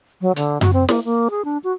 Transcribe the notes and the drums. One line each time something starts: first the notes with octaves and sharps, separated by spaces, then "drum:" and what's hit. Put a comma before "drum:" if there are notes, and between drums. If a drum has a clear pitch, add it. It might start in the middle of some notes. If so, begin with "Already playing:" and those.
F#3
D3, drum: hi-hat
F#4, drum: tom F#2
C4
A#3, drum: snare
A#3
G#4
D4
F#4